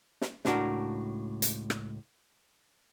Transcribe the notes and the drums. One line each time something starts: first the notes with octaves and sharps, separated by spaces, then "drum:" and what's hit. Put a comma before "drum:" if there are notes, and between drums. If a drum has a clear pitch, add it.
drum: snare
C#2 A2 D4 F#4 A#4, drum: snare
drum: hi-hat
drum: rim click